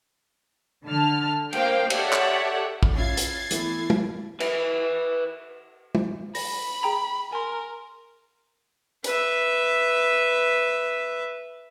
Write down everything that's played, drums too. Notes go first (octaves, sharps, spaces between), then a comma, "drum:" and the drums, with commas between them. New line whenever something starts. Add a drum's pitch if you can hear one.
D3 A5 F6
A#3 C5 F5 G5, drum: cymbal
G4 A4 C#5 D5 E5 F#5, drum: cymbal
drum: clap
drum: kick
C#4 E4 F4 G#6 A6 C7
drum: hi-hat
E3 A3 B3 E4, drum: hi-hat
drum: tom
B4 E5, drum: cymbal
drum: tom
B5 A#6, drum: open hi-hat
G#4 G5 A#5
A#4 G#5 C6
B4 E5, drum: hi-hat